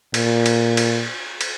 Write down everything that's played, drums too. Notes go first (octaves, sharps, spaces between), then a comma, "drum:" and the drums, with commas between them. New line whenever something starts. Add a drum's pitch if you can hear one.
A#2, drum: cymbal
drum: cymbal
drum: cymbal
drum: cymbal